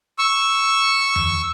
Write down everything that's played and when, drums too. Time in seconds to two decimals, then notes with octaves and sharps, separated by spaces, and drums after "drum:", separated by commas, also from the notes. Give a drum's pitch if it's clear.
0.18 C#6 E6
1.16 drum: tom F2